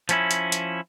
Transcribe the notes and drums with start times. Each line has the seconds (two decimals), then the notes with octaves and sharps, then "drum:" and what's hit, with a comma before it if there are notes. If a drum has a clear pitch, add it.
0.09 F3 C#4 E4, drum: hi-hat
0.31 drum: hi-hat
0.52 drum: hi-hat